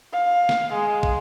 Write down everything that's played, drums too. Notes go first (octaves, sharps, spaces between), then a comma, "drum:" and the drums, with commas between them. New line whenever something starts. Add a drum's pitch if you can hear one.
F5
drum: snare
G#3
drum: kick